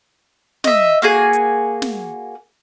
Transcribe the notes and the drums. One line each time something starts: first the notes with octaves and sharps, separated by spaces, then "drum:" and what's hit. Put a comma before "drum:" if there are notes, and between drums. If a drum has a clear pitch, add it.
D#5 E5, drum: snare
A#3 F#4 G#4 G#5
drum: hi-hat
drum: snare